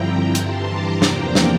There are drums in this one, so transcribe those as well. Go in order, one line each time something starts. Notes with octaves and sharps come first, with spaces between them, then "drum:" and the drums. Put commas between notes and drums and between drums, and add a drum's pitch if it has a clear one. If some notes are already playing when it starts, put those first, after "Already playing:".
Already playing: G2 D3 F3 C4 E4 G5 A#5
G2 E3 G3 A5 C6, drum: hi-hat
A#5 D6
E2 C3 F3 A#3 D4 G5 A#5, drum: snare
drum: snare